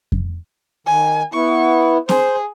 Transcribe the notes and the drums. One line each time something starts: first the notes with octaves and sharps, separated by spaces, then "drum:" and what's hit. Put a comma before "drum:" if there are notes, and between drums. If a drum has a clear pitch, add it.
drum: kick F2
D#3 G#5
B3 E4 C#6
G#4 C5, drum: snare C4